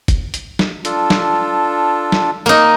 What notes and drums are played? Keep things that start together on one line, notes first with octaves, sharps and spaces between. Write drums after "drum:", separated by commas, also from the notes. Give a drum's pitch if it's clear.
drum: kick G1, hi-hat
drum: hi-hat
drum: snare
D4 F4 A4, drum: hi-hat
drum: snare
drum: snare
A#3 D#4